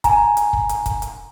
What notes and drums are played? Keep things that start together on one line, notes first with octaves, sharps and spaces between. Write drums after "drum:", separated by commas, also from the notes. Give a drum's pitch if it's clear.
G#5 A#5, drum: kick, hi-hat
drum: hi-hat
drum: kick
drum: hi-hat
drum: kick, hi-hat
drum: hi-hat